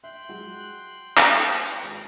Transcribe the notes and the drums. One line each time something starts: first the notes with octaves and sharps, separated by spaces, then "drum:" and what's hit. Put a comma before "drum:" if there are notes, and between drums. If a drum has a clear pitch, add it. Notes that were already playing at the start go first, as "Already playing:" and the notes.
E5 G5 C6 F#6
F#3 G#3 F#4
drum: clap
C4 C6 F#6
G#1 A#4 B4 D#5